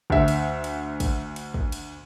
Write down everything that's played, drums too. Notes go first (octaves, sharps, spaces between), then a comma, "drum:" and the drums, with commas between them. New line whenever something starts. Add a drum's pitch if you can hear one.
D2 E5, drum: kick
drum: cymbal
drum: cymbal
drum: kick, cymbal
drum: cymbal
drum: kick
drum: cymbal